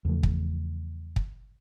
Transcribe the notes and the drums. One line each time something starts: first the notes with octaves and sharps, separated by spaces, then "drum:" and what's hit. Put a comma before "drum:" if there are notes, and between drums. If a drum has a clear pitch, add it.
E2 C#3 F3 A3
drum: kick
drum: kick